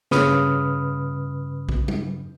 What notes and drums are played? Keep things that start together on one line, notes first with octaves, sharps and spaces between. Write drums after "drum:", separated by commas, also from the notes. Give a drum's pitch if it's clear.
G2 C#3 B4 B5 D#6 F6, drum: snare
drum: kick
drum: tom F#3